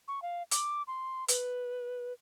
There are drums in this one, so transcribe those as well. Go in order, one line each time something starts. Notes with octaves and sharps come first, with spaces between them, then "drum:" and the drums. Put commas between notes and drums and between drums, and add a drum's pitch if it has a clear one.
C#6
F5
D6, drum: hi-hat
C6
B4, drum: hi-hat